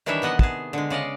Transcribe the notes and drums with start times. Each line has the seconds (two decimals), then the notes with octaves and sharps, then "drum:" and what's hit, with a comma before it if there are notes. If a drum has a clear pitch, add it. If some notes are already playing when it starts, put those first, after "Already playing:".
0.06 D#3 E3 G3 D4 C#5 E5
0.22 C3 B3 D#5 F#5
0.39 G#4 A5, drum: kick
0.73 D3 G#3
0.90 C#3 D5 D#5 F5